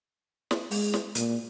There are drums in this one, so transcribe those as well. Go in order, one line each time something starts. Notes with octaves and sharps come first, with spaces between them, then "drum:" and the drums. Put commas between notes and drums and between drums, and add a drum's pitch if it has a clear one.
drum: snare
G#3, drum: open hi-hat
drum: snare
A#2, drum: hi-hat